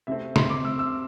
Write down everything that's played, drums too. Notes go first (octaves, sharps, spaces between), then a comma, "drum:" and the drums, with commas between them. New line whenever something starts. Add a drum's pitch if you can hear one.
C3 A3 C4 E5
C6, drum: snare
D6
E6
E6